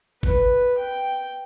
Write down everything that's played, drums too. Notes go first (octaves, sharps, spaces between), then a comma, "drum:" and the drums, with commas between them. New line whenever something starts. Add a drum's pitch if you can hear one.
B4, drum: kick
G5